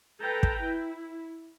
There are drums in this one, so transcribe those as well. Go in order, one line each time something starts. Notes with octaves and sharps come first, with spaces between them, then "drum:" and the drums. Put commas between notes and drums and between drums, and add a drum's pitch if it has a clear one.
A4 B4 G5 A#5
drum: kick
E4